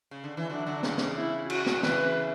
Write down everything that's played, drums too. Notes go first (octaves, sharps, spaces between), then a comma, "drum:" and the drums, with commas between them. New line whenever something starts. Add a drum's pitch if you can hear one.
C#3
D3
E3
D3 F#3 D4
D3 F#3
C#3 E3, drum: snare
drum: snare
E4
F#4, drum: cymbal
drum: snare
C#3 E3 B4, drum: snare